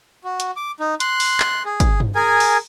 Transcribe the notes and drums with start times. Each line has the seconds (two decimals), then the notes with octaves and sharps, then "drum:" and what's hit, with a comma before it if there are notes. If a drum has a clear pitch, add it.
0.24 F#4
0.40 drum: hi-hat
0.56 D6
0.80 D#4
1.00 C6 F#6, drum: hi-hat
1.20 drum: open hi-hat
1.40 drum: clap
1.65 G#4
1.80 drum: kick, hi-hat
2.00 drum: tom G2
2.15 G#4 A#4 G#5
2.40 drum: open hi-hat